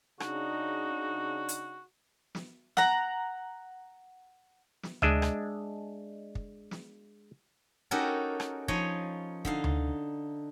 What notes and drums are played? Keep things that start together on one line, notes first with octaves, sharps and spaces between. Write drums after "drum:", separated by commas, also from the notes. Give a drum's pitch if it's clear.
C#3 D4 D#4 F#4, drum: rim click
drum: hi-hat
drum: snare
F#5 A#5, drum: snare
drum: snare
G#3 D4 D#5 E5, drum: tom D2
drum: rim click
drum: kick
drum: snare
C#4 D#4 F#4 G4 A4 A#4
drum: rim click
F3 D#4 C#5 D#5, drum: kick
D3 D#4 F5, drum: kick
drum: tom D2